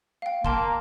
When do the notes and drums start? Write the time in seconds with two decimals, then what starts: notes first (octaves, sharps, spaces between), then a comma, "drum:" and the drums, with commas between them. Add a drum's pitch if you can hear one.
0.22 F5 G5
0.45 A#3 G5 A5 C6, drum: kick